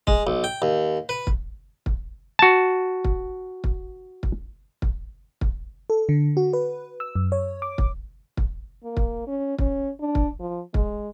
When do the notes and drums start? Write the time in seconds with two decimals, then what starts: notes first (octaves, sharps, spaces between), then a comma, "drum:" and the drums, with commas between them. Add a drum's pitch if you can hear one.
0.07 G#3, drum: kick
0.27 B1
0.44 G5
0.62 D#2
1.09 B4
1.27 drum: kick
1.86 drum: kick
2.39 F#4 A5
3.04 drum: kick
3.64 drum: kick
4.23 drum: kick
4.82 drum: kick
5.41 drum: kick
5.90 A4
6.09 D3
6.37 F#4
6.53 B4
7.00 E6
7.16 F#2
7.32 C#5
7.62 D6
7.78 drum: kick
8.37 drum: kick
8.84 A#3
8.97 drum: kick
9.27 C#4
9.58 C#4, drum: kick
10.00 D4
10.15 drum: kick
10.40 F3
10.74 G#3, drum: kick